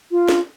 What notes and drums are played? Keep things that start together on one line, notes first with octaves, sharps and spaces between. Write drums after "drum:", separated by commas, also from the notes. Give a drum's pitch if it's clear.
F4
drum: snare